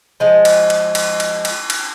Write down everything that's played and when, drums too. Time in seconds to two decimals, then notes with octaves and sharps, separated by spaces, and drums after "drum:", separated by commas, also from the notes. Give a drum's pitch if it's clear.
0.20 F3 G#3
0.45 drum: cymbal
0.70 drum: cymbal
0.95 drum: cymbal
1.20 drum: cymbal
1.45 drum: cymbal
1.70 drum: cymbal